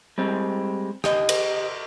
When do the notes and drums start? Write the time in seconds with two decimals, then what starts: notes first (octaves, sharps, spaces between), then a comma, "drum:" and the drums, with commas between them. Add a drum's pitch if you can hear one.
0.18 G3 G#3 C4
1.04 G4 D#5, drum: rim click
1.29 drum: cymbal